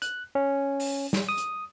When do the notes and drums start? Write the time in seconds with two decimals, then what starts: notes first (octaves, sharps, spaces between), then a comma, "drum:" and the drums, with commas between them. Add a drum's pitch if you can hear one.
0.02 F#6, drum: hi-hat
0.35 C#4
0.80 drum: open hi-hat
1.13 drum: snare
1.29 D#6
1.38 drum: hi-hat